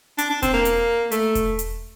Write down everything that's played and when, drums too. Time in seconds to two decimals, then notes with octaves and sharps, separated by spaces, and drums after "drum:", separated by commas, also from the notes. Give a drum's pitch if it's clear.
0.18 D4, drum: hi-hat
0.30 D4
0.42 C4, drum: kick E1, hi-hat
0.53 A#3
0.65 drum: hi-hat
1.12 A3, drum: hi-hat
1.35 drum: kick E1, hi-hat
1.59 drum: hi-hat